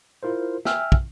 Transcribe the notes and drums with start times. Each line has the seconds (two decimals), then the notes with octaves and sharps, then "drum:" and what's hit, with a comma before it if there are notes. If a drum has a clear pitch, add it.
0.23 E4 F4 A#4 C5
0.65 E5 G5 G#5 E6 F6, drum: snare
0.92 drum: kick